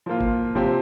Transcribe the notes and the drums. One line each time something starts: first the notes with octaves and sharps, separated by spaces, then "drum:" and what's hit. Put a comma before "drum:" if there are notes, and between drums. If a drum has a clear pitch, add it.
F3 A#3 F4
drum: kick
C3 F3 C4 G4